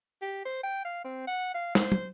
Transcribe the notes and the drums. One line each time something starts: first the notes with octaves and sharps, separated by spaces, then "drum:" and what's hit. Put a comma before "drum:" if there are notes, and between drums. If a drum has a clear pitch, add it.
G4
C5
G5
F5
C4
F#5
F5
C5, drum: snare
drum: tom